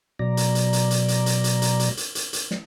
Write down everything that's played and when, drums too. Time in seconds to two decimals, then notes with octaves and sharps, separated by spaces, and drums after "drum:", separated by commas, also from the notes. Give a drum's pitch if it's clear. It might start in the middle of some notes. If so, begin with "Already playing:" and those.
0.19 B2 F#3 D5 A#5
0.37 drum: hi-hat
0.55 drum: hi-hat
0.73 drum: hi-hat
0.91 drum: hi-hat
1.08 drum: hi-hat
1.26 drum: hi-hat
1.44 drum: hi-hat
1.62 drum: hi-hat
1.80 drum: hi-hat
1.97 drum: hi-hat
2.15 drum: hi-hat
2.33 drum: hi-hat
2.51 drum: snare